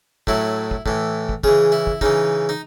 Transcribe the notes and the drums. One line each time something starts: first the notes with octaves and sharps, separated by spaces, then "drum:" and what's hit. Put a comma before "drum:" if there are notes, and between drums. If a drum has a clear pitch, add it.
A2 F#3 E4, drum: kick
drum: kick
A2 E3, drum: kick
drum: kick
C#3 E3 G#4, drum: kick
E4
drum: kick
C#3 E3 D#4, drum: kick
D#4